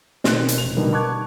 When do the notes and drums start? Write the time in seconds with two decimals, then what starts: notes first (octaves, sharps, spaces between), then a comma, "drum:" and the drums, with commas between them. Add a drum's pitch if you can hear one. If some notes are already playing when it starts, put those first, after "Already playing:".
0.24 B2 D#3 C4 B4 F#6, drum: snare
0.48 drum: hi-hat
0.58 F1 F7
0.76 B2 D3 D#3 G3 A#3
0.92 A5 C#6 D6 F#6 G#6